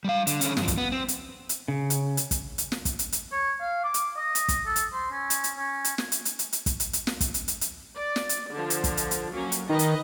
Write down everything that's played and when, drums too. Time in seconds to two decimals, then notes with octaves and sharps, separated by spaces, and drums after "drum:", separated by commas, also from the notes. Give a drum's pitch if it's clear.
0.04 G3 F5
0.27 D3, drum: hi-hat
0.41 D3 C#4, drum: hi-hat
0.57 G2 F3, drum: snare
0.68 drum: kick, hi-hat
0.78 B3
0.92 C4
1.08 drum: hi-hat
1.49 drum: hi-hat
1.68 C#3
1.90 drum: hi-hat
2.17 drum: hi-hat
2.31 drum: kick, hi-hat
2.58 drum: hi-hat
2.72 drum: snare
2.85 drum: kick, hi-hat
2.99 drum: hi-hat
3.12 drum: hi-hat
3.32 C#5
3.61 F5
3.84 D6
3.94 drum: hi-hat
4.16 D#5
4.35 drum: hi-hat
4.48 drum: kick, hi-hat
4.67 A4
4.76 drum: hi-hat
4.93 C5
5.11 C#4
5.30 drum: hi-hat
5.44 drum: hi-hat
5.58 C#4
5.85 drum: hi-hat
5.98 drum: snare
6.12 drum: hi-hat
6.25 drum: hi-hat
6.39 drum: hi-hat
6.53 drum: hi-hat
6.66 drum: kick, hi-hat
6.80 drum: hi-hat
6.93 drum: hi-hat
7.07 drum: snare
7.21 drum: kick, hi-hat
7.34 drum: hi-hat
7.48 drum: hi-hat
7.61 drum: hi-hat
7.96 D5
8.16 drum: snare
8.29 drum: hi-hat
8.51 D3 F3
8.70 drum: hi-hat
8.84 drum: kick, hi-hat
8.97 drum: hi-hat
9.11 drum: hi-hat
9.33 F#3 A#3 C#4
9.52 drum: hi-hat
9.69 D#3 B4 D#5 A#5
9.79 drum: hi-hat